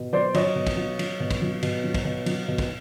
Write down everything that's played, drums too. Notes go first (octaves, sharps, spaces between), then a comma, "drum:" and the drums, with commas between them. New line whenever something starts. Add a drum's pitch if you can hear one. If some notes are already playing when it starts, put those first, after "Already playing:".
Already playing: B2
F#3 C5 D5
F#3 C#5 D#5, drum: cymbal
B2
drum: kick, cymbal
F#3
F#3, drum: cymbal
B2
drum: kick, cymbal
F#3
B2, drum: cymbal
F#3
drum: kick, cymbal
B2
F#3, drum: cymbal
B2
drum: kick, cymbal